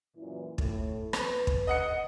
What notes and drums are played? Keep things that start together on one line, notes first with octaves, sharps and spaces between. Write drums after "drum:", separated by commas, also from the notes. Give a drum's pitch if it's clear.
F#2 A#2 E3
A2, drum: kick
B4, drum: rim click
drum: kick
D#5 F#5 C#7